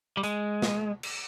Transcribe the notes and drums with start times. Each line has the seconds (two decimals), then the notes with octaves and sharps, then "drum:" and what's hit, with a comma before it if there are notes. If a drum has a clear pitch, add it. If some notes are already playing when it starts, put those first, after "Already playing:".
0.17 G3
0.23 G#3, drum: hi-hat
0.62 drum: snare
1.03 drum: cymbal